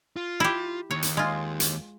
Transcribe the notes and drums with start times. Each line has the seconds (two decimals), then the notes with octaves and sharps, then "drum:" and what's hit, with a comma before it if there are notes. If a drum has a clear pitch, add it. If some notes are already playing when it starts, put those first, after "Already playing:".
0.16 F4
0.40 E4 G4
0.91 D#2 C#5
1.02 drum: hi-hat
1.17 G#3 F4
1.60 drum: hi-hat